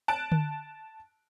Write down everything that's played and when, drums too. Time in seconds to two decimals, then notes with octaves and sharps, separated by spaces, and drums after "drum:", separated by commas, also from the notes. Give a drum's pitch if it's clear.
0.08 A5 F#6 D7
0.32 drum: tom D3